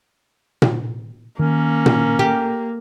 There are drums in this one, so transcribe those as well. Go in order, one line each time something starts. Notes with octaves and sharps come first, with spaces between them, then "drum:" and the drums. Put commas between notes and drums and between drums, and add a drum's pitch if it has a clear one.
drum: tom A#2
D#3 A#3 C#4
drum: tom A#2
G4